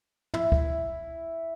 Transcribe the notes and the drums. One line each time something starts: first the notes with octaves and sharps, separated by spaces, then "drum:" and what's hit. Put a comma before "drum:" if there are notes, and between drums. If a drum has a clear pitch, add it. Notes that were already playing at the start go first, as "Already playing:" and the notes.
E4, drum: tom
drum: kick